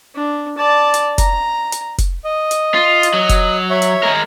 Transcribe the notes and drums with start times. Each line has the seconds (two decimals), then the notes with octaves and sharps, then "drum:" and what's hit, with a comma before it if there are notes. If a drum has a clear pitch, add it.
0.15 D4
0.58 D5 A5
0.94 drum: hi-hat
1.18 A#5, drum: kick F1, hi-hat
1.72 drum: hi-hat
1.98 drum: kick F1, hi-hat
2.25 D#5
2.51 drum: hi-hat
2.74 F4
3.03 drum: hi-hat
3.14 F#3
3.29 drum: kick F1, hi-hat
3.70 C#5 E5
3.82 drum: hi-hat
4.03 G#3 A#4